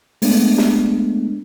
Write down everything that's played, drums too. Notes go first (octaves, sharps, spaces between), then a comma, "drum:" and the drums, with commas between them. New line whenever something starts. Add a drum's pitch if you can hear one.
G#3 A3 B3 D4, drum: open hi-hat
drum: snare